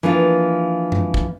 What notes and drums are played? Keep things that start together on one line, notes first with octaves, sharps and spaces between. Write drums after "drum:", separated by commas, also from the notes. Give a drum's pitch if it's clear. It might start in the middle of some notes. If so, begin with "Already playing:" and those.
E3 F3 A#3 D4 F4
drum: tom F#2
drum: kick